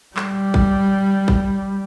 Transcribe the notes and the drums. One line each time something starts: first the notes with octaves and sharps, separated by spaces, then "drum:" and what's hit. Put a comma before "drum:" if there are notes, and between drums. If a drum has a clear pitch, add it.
G3, drum: clap
drum: kick
drum: kick